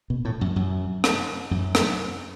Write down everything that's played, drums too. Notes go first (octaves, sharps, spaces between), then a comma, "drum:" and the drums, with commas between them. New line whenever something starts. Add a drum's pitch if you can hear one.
B2
A2
F#2
F#2
drum: rim click
F#2
drum: rim click